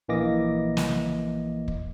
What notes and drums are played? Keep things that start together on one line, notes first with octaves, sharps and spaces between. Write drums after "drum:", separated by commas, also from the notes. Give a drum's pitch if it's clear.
A#1 E3 A#3 D#5 D6 A#6
drum: snare
drum: kick